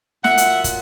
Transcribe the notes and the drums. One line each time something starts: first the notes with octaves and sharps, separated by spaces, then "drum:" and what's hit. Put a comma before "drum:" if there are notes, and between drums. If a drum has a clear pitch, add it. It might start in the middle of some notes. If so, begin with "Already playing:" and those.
A#2 F#3 E5 F#5, drum: snare
drum: hi-hat
drum: kick, hi-hat